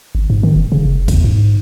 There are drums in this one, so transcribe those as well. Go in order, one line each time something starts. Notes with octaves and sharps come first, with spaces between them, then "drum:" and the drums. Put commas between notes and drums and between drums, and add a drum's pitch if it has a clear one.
G#1
G#2
D#3
F1
C#3
F#1
E2, drum: kick A#1, cymbal
G#2